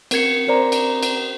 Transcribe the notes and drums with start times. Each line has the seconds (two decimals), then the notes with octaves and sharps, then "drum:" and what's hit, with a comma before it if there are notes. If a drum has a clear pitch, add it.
0.11 C4 A#4 G#6 C#7, drum: cymbal
0.47 C4 A#4 C5 D5 A#5
0.72 drum: cymbal
1.03 drum: cymbal